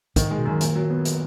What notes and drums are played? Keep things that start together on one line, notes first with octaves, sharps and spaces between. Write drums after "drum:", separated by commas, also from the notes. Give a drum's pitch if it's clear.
G#2 D#3, drum: kick, hi-hat
G#3
B2
F#2 D#3
A#2, drum: hi-hat
F#3
B3
drum: hi-hat